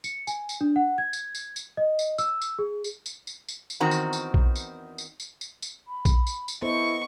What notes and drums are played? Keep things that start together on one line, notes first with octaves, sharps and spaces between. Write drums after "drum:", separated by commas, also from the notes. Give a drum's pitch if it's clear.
C#7, drum: tambourine
G#5, drum: tambourine
drum: tambourine
D4
F#5
G#6
drum: tambourine
drum: tambourine
drum: tambourine
D#5
drum: tambourine
E6, drum: tambourine
drum: tambourine
G#4
drum: tambourine
drum: tambourine
drum: tambourine
drum: tambourine
drum: tambourine
E2 D#3 C4 F#4 A#5
drum: tambourine
drum: tambourine
drum: kick A#1
drum: tambourine
drum: tambourine
drum: tambourine
drum: tambourine
drum: tambourine
B5
drum: kick A#1, tambourine
drum: tambourine
drum: tambourine
B3 E4 A4 C5 D#5 C#6